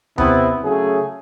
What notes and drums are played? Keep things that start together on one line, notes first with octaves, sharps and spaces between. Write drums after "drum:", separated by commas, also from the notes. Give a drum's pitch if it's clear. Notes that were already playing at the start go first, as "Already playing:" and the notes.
C3 B3 C4 E4, drum: tom D#2
C#3 F#3 A3 G#4